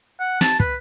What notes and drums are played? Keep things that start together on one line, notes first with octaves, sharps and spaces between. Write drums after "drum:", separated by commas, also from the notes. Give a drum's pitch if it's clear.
F#5
A5, drum: snare
B4, drum: kick